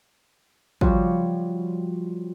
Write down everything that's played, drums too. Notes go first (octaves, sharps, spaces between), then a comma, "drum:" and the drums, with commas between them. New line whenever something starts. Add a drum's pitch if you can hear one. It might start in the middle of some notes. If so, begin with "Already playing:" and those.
F3 G3 F#4 C5 C#5, drum: kick